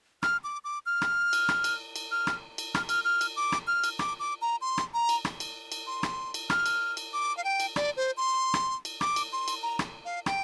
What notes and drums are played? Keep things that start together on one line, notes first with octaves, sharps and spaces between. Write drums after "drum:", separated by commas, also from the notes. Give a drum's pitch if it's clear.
F6, drum: rim click
D6
D6
F6
drum: rim click
drum: cymbal
drum: rim click
drum: cymbal
drum: cymbal
F6
drum: rim click
drum: cymbal
F6, drum: rim click
F6, drum: cymbal
F6
drum: cymbal
D6
drum: rim click
F6
drum: cymbal
D6, drum: rim click
D6
A#5
C6
drum: rim click
A#5
drum: cymbal
drum: rim click
drum: cymbal
drum: cymbal
C6
drum: rim click
drum: cymbal
F6, drum: rim click
drum: cymbal
drum: cymbal
D6
F5
G5
drum: cymbal
D5, drum: rim click
C5
C6
drum: rim click
drum: cymbal
D6, drum: rim click
drum: cymbal
C6
drum: cymbal
A#5
drum: rim click
F5
G5, drum: rim click